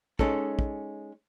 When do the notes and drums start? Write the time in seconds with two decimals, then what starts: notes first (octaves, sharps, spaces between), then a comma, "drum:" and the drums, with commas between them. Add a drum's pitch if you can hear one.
0.19 G#3 C#4 D#4 A4, drum: kick
0.59 drum: kick